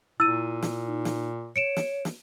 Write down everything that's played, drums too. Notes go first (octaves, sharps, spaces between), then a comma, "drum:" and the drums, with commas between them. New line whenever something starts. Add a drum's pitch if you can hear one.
A#2 E4 E6 D#7
drum: snare
D#4
drum: snare
C#5 C#7 D7 E7
drum: snare
drum: snare